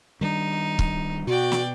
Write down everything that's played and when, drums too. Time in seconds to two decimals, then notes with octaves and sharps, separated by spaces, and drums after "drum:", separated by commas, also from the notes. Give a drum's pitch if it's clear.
0.21 D#3 G3 D4 D#4
0.79 drum: kick
1.27 B2 F#4 D5 G5
1.52 drum: snare